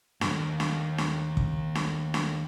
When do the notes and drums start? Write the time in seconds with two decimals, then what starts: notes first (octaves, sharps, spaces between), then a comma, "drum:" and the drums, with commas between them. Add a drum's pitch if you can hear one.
0.21 D#2 G#2, drum: snare D4
0.60 drum: snare D4
0.98 drum: snare D4
1.37 drum: kick
1.75 drum: snare D4
2.14 drum: snare D4